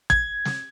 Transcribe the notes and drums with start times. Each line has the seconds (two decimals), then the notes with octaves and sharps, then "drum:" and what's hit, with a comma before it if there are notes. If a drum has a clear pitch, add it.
0.10 G#6, drum: kick
0.45 drum: snare